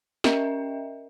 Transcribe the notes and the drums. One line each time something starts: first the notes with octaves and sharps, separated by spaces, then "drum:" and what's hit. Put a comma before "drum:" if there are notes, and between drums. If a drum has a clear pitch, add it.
C#4 A#4 D#5 E5 G5, drum: snare